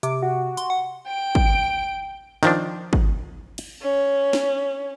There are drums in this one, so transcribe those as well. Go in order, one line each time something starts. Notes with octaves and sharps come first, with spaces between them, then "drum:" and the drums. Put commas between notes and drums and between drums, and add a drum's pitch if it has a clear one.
C3 D6, drum: hi-hat
F#4
C6, drum: hi-hat
F#5
G5 D7
drum: kick
D#3 F3 D4, drum: snare
drum: kick
drum: cymbal
C#4
drum: snare